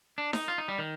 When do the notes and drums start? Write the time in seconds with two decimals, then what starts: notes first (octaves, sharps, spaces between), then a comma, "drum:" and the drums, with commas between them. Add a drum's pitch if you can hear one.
0.18 D4
0.33 D#4, drum: snare D#4
0.48 F4
0.58 D#4
0.68 G3
0.79 D#3